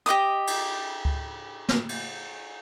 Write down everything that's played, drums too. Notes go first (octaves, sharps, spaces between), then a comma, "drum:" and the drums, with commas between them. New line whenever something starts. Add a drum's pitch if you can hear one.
G4 D#5 D6 D#6, drum: hi-hat
drum: cymbal
drum: kick C#2
drum: snare
drum: cymbal